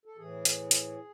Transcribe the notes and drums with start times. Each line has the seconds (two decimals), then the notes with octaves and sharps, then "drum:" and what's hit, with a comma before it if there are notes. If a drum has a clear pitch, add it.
0.05 A4
0.17 A2 E3 G#4
0.45 drum: hi-hat
0.71 drum: hi-hat